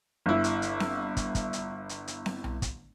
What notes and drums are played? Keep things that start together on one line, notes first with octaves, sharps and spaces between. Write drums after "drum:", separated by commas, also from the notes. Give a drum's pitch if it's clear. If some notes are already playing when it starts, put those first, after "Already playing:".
G1 E4
drum: hi-hat
drum: hi-hat
drum: snare C4
drum: kick, hi-hat
drum: kick, hi-hat
drum: hi-hat
drum: hi-hat
drum: hi-hat
drum: snare C4
drum: tom B1
drum: kick, hi-hat